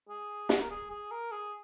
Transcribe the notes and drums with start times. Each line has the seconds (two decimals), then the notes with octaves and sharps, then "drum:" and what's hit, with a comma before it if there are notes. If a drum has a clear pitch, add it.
0.09 G#4
0.49 F#4, drum: snare
0.61 A#4
0.71 G#4
0.90 G#4
1.11 A#4
1.32 G#4